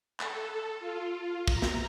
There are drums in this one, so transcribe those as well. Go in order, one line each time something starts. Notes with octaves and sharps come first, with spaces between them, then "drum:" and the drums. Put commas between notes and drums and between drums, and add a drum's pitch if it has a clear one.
A4, drum: clap
F4
F4
A#5, drum: kick
drum: snare